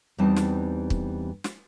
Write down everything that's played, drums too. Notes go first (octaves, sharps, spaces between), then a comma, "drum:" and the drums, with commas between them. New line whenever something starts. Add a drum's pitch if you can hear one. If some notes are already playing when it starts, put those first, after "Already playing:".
E2 E3 G3 C4 D#4 A5
drum: snare
drum: kick
drum: snare